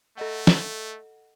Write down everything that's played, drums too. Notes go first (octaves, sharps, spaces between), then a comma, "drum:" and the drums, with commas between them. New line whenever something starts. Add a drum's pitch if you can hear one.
A3 A4 D#5 F#5
drum: snare